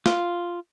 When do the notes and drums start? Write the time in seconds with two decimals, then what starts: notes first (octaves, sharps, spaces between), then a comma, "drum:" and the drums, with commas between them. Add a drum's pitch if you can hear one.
0.06 F4, drum: snare